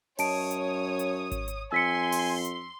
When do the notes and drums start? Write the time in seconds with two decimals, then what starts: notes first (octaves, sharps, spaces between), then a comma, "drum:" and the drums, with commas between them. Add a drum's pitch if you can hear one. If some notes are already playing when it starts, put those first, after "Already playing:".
0.18 F#2 C#5 D#5 A5 D#6 D7, drum: open hi-hat
0.51 drum: hi-hat
0.99 drum: hi-hat
1.32 drum: kick G#1, hi-hat
1.48 drum: hi-hat
1.72 F2 G#5 C6 E6 B6 C#7
2.12 drum: open hi-hat
2.45 drum: hi-hat